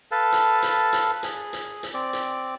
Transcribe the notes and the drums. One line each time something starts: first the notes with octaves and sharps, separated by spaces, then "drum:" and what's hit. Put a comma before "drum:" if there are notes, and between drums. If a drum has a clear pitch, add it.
A4 B4 F5 A5
drum: hi-hat
drum: hi-hat
drum: hi-hat
G#4, drum: hi-hat
drum: hi-hat
drum: hi-hat
C4 D5
drum: hi-hat